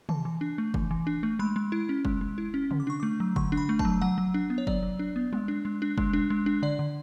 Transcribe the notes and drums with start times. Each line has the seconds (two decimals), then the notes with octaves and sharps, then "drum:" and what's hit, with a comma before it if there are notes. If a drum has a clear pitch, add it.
0.09 E3 A5, drum: tom
0.25 E3
0.41 D4
0.58 A3
0.74 E3, drum: kick
0.91 E3
1.07 D4
1.23 A3
1.39 G#3 B5
1.56 G#3
1.72 E4
1.89 C#4
2.05 G#3, drum: kick
2.21 G#3
2.38 E4
2.54 C#4
2.71 D3, drum: tom
2.80 D6
2.87 D4 C#6
3.00 A3 D6
3.20 F#3
3.36 D3 C#6, drum: kick
3.52 D4
3.57 B5
3.69 A3
3.79 A5, drum: kick
3.85 F#3
4.01 F#3 F#5
4.18 F#3
4.34 D4
4.50 B3
4.58 C#5
4.67 F#3 D5, drum: kick
4.83 F#3
4.99 D4
5.16 B3
5.33 G#3, drum: tom
5.48 D4
5.65 G#3
5.82 D4
5.98 G#3, drum: kick
6.13 D4
6.30 G#3
6.46 D4
6.62 D3 D5
6.79 D3